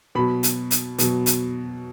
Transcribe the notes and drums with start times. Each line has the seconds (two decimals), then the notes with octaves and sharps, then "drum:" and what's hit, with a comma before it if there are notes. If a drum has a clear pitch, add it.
0.15 B2 F#3 B5
0.43 drum: hi-hat
0.71 drum: hi-hat
0.99 B2 F#3, drum: hi-hat
1.26 drum: hi-hat